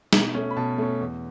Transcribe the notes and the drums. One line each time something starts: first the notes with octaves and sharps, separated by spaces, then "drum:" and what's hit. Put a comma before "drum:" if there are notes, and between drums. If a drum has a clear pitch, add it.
B2, drum: snare
A3 C#4
B5
B2 A5
A3 C#4
E2